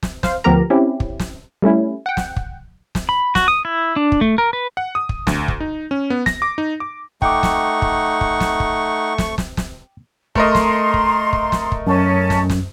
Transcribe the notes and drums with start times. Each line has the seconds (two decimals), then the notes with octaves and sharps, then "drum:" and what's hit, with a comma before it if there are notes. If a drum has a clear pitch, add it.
0.03 drum: snare
0.23 C5 F5, drum: snare
0.44 D2 F3 B3 G4 A#4 A#5
0.70 C4 C#4 E4 G4
1.00 drum: kick
1.20 drum: snare
1.62 G3 A3 C#4 E4
2.06 F#5 G5
2.17 drum: snare
2.36 drum: kick
2.95 drum: snare
3.09 B5
3.35 F#4, drum: snare
3.48 D#6
3.65 E4
3.96 D4
4.12 drum: kick
4.21 A3
4.38 A#4
4.53 B4
4.77 F#5
4.95 D#6
5.09 drum: kick
5.27 D2, drum: snare
5.48 drum: kick
5.60 D#4
5.91 C#4
6.10 B3
6.26 A#6, drum: snare
6.42 D6
6.58 D#4
6.80 D6
7.22 A3 D#4 F#5 G5 C#6 D6, drum: kick
7.43 drum: snare
7.82 drum: kick
8.21 drum: kick
8.40 drum: snare
8.60 drum: kick
9.18 drum: snare
9.38 drum: snare
9.57 drum: snare
10.35 A3 A#4 D#5 A#5 C6, drum: kick
10.55 drum: snare
10.94 drum: kick
11.33 drum: kick
11.52 drum: snare
11.72 drum: kick
11.87 F#2 C#4 A5
12.30 drum: snare
12.50 drum: snare